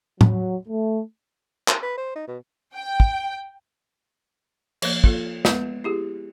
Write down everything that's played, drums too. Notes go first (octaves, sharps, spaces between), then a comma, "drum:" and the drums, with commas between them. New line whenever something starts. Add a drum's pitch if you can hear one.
F#3, drum: tom A2
A3
A#4, drum: clap
B4
C5
D#4
B2
G5
drum: kick
F3 A#3, drum: cymbal
A#3 F4 A4, drum: kick
G#3 B3 B4, drum: snare
E4 G4 G#4